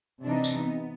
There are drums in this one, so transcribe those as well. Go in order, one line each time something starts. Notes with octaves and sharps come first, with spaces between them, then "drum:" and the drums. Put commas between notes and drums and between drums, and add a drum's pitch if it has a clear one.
C3 E3 D4 D#4
drum: tambourine
B3